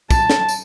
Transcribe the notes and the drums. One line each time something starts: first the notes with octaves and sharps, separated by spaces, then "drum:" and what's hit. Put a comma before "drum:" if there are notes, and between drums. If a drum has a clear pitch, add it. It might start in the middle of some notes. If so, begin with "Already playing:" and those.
A5, drum: kick, tambourine
drum: snare
drum: tambourine